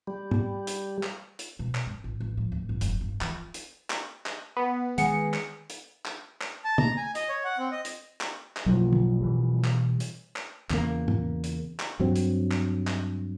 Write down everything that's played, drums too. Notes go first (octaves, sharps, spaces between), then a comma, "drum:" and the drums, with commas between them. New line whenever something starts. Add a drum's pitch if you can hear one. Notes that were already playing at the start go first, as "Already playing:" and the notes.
G3
drum: tom
drum: hi-hat
drum: clap
drum: hi-hat
B2
drum: clap
F#2
A1
A1
F3
D1
G2
F1, drum: hi-hat
G2
E3, drum: clap
F4
drum: hi-hat
drum: clap
drum: clap
B3
D#3 G#3 G#4 F#5 C#7, drum: hi-hat
drum: clap
drum: hi-hat
drum: clap
drum: clap
A5
A#5, drum: tom
G#5
D#5, drum: hi-hat
C#5
F#5
C4
D#5
drum: hi-hat
drum: clap
drum: clap
F#1 B1 F3
drum: tom
B2 E3 G3
drum: clap
drum: hi-hat
drum: clap
E2 C#3 A#3, drum: clap
drum: tom
drum: hi-hat
drum: clap
G2 F#3 C4
drum: hi-hat
drum: clap
drum: clap